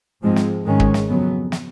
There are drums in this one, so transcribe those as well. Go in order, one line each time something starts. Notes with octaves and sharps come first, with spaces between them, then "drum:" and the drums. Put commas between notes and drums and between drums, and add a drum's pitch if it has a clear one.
G#2 F3 G#3 C4
drum: snare
G#2 D#3 G#3 C#4
drum: kick
drum: snare
F2 C#3 F#3 B3
drum: snare